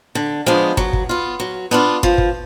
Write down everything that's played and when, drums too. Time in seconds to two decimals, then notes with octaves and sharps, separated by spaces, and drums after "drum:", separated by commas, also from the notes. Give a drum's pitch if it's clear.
0.15 D3
0.46 F3 G#3 B3 D4
0.77 F#3, drum: kick
0.93 drum: kick
1.09 B3 F4
1.40 F#3
1.71 B3 D4 F4
2.03 F3, drum: kick
2.18 drum: kick